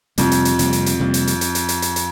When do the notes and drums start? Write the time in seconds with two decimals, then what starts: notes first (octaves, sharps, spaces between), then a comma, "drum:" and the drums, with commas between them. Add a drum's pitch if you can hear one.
0.18 F2 C3 G3 A#3, drum: hi-hat
0.31 drum: hi-hat
0.45 drum: hi-hat
0.59 C3 G3 A#3, drum: hi-hat
0.73 drum: hi-hat
0.86 drum: hi-hat
0.99 C3 G3 A#3
1.14 drum: hi-hat
1.27 drum: hi-hat
1.41 drum: hi-hat
1.55 drum: hi-hat
1.69 drum: hi-hat
1.82 drum: hi-hat
1.96 drum: hi-hat